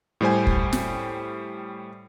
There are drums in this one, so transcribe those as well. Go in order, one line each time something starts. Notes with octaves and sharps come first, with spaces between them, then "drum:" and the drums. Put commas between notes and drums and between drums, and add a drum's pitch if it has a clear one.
A2 G3 C5 G#5
drum: kick
drum: snare